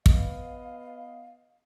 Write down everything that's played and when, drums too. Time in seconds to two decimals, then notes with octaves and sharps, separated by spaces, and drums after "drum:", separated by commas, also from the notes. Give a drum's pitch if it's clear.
0.06 B3 B4 D#5 F5, drum: kick